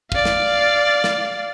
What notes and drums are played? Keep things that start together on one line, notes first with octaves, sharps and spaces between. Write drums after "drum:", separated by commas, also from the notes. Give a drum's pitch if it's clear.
D5 F5, drum: kick
drum: snare
drum: snare